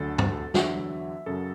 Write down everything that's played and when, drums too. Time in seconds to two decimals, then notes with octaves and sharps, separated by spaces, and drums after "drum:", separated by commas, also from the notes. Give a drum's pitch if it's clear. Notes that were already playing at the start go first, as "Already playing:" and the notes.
Already playing: D2 D3 F#3 A4
0.18 drum: tom
0.54 E2 D3 F#3 E5, drum: snare
1.26 F#2 C#3 F#3 A4